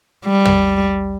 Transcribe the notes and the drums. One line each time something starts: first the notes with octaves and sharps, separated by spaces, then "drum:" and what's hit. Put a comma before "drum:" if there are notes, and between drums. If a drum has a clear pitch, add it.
G3
drum: tom